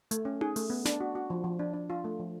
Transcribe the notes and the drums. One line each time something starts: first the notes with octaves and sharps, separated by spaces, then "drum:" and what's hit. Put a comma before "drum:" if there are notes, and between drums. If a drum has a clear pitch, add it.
A3, drum: hi-hat
C#4
G#4, drum: tom D#4
A3, drum: open hi-hat
B3
D4, drum: snare
F#4
F#4
F3
F3
D4
D4
F4
A3
F3